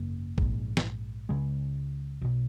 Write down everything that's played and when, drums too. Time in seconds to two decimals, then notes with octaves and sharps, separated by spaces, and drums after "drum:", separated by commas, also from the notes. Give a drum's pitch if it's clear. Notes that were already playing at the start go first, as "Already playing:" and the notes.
Already playing: G#1 F#2 C#3 A#3
0.38 A#1 G#2, drum: kick
0.77 drum: snare
1.29 C#2 C#3 G#3
2.22 B1 B2